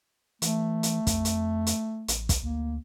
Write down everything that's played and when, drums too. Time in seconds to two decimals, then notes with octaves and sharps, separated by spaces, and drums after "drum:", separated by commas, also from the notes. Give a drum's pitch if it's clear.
0.42 E3 A3, drum: hi-hat
0.83 drum: hi-hat
1.07 F2, drum: kick, hi-hat
1.25 drum: hi-hat
1.67 drum: hi-hat
2.08 A1, drum: hi-hat
2.29 drum: kick, hi-hat
2.43 D2 A#3